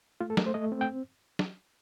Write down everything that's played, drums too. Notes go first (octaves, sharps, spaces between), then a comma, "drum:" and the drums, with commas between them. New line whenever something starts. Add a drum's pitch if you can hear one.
A3 F4
A4
A3 A#4, drum: snare
C5
A3 D#5
C4
G5
drum: snare